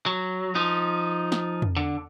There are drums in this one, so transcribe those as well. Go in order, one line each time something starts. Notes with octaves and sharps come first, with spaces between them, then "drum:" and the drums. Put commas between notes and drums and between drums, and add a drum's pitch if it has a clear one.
F#3
F3 D#4
drum: snare
drum: tom
D3